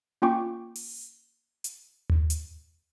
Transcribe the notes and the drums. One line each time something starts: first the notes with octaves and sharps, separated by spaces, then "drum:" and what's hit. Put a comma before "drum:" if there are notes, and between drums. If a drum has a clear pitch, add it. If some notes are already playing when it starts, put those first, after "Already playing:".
A#3 C#4 F4 G5 C#6 D6
drum: open hi-hat
drum: hi-hat
drum: tom D#2
drum: hi-hat